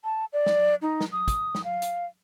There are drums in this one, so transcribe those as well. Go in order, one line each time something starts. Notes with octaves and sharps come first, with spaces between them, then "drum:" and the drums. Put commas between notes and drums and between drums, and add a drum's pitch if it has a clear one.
A5
D5
drum: snare
D#4
drum: snare
D#6
drum: kick, hi-hat
drum: snare
F5
drum: hi-hat